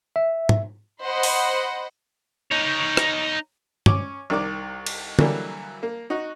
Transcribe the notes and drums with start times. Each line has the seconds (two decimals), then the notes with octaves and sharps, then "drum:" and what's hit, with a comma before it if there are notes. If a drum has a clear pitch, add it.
0.16 E5
0.49 drum: tom
1.02 C5 D#5 F#5 B5
1.23 drum: open hi-hat
2.51 D#4 C#5
2.97 drum: rim click
3.86 C#4 D6, drum: tom G2
4.30 C2 D#3 D5 D6
4.86 drum: cymbal
5.19 D3 E3 F#3 G3 A#3, drum: tom
5.83 A#3
6.10 D#4 F#4